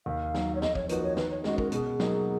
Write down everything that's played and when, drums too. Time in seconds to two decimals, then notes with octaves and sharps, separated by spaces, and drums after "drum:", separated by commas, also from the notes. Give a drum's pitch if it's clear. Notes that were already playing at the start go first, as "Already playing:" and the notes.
0.06 D#2 F5
0.34 D#3 F#3, drum: snare
0.55 C#5
0.62 F2 D#5, drum: snare
0.75 C#5, drum: kick
0.89 F3 A#3 D#4 F#4 B4, drum: hi-hat
1.03 C#5
1.17 D#3 B4, drum: snare
1.31 C#5
1.44 G#3 C#4 F#4 D#5, drum: snare
1.58 A#4, drum: kick
1.72 B2 G#4, drum: hi-hat
2.00 F#3 A#3 D#4, drum: snare